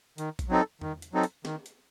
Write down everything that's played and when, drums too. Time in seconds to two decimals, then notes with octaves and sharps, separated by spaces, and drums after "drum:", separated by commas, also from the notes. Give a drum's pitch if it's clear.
0.18 D#3, drum: hi-hat
0.39 drum: kick A#1, hi-hat
0.49 F#3 C4 D#4 A4
0.81 D#3, drum: tom E2
1.02 drum: hi-hat
1.13 F#3 C4 D#4 A4
1.23 drum: hi-hat
1.45 D#3, drum: snare
1.66 drum: hi-hat